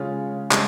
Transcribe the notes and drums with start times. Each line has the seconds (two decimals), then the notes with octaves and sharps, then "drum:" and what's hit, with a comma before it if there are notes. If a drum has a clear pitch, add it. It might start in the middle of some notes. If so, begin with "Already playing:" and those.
Already playing: C#3 G#3 C#4 F4
0.51 C#3 G#3, drum: clap